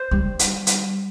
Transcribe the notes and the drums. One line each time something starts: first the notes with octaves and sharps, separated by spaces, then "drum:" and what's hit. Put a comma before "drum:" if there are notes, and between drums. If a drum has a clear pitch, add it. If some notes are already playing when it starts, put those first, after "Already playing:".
Already playing: C5
G3
drum: hi-hat
drum: hi-hat